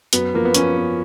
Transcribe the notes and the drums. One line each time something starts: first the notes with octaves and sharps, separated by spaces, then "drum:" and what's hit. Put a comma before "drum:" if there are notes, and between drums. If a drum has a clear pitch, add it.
F#2 B3, drum: hi-hat
F3 A#3
B3
F3 C#4, drum: hi-hat
B3